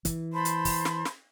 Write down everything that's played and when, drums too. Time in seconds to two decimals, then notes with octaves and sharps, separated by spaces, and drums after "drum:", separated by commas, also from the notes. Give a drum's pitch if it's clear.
0.05 E3, drum: kick, hi-hat
0.33 C5 A5 B5 C6
0.45 drum: hi-hat
0.65 drum: kick, open hi-hat
0.85 drum: snare
1.05 drum: snare